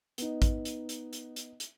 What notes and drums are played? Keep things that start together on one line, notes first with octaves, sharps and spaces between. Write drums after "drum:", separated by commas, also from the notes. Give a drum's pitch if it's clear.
B3 D#4, drum: hi-hat
drum: kick, hi-hat
drum: hi-hat
drum: hi-hat
drum: hi-hat
drum: hi-hat
drum: hi-hat